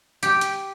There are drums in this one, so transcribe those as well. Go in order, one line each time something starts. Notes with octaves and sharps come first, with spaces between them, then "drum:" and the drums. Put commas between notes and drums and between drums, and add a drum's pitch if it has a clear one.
G4, drum: hi-hat
drum: hi-hat